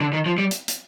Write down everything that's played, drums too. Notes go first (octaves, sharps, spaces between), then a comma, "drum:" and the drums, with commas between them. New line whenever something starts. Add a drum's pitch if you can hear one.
D3
D#3
F3
G3
drum: hi-hat
drum: hi-hat